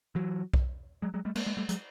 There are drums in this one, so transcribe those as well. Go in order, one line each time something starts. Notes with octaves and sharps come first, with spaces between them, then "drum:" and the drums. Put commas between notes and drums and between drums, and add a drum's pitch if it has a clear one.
E3 F#3
drum: kick B1
F#3 G#3
F#3 G#3
G3 A3
G#3 A#3, drum: cymbal
G#3 A#3
G3 A3
F#3 G#3, drum: hi-hat